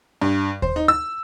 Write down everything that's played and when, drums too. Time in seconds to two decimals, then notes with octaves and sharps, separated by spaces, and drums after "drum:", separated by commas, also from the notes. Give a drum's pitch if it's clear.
0.22 G2
0.62 C5, drum: kick D#2
0.76 D#4
0.88 E6